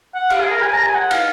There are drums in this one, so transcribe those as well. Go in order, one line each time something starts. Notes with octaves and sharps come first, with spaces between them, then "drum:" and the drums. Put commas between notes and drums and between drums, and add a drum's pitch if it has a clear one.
F#5
F5, drum: cymbal
G#4
A#4
G#5
A#5
G#5
F#5
F5, drum: cymbal